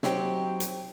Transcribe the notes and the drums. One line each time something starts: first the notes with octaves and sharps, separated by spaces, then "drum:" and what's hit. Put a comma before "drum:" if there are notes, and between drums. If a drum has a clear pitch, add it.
F#3 C4 D#4 G4, drum: snare
drum: hi-hat